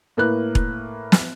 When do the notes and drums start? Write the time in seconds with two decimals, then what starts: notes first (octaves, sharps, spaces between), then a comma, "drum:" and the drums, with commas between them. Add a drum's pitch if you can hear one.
0.17 A2 A#3 B4 F#6
0.55 drum: kick E1
1.12 drum: snare